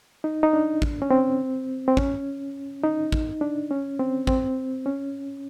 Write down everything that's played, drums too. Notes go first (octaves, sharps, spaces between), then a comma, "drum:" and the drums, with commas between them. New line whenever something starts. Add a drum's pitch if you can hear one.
D#4
D#4
D4
drum: kick
C#4
C4
C4
C#4, drum: kick
D#4
drum: kick
D4
C#4
C4
C4, drum: kick
C#4